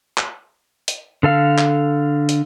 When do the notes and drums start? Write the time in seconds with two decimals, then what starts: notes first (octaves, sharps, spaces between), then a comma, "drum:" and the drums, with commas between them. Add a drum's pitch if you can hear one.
0.18 drum: clap
0.88 drum: hi-hat
1.23 D3 A4 F5
1.58 drum: clap
2.29 drum: hi-hat